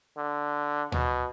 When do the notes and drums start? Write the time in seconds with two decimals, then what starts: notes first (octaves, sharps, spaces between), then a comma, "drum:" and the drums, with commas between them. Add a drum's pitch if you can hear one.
0.17 D3
0.92 B2, drum: tom D2